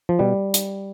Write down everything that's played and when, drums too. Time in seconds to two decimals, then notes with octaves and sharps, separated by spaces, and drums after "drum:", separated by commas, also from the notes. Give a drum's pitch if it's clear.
0.09 F3
0.19 B2 G3
0.54 drum: hi-hat